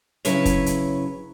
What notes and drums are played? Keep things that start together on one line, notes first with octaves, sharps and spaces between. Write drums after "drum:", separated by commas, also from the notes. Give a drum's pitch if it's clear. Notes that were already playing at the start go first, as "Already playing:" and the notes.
C#3 F#3 E4 B4 C#5, drum: hi-hat
drum: kick, hi-hat
drum: hi-hat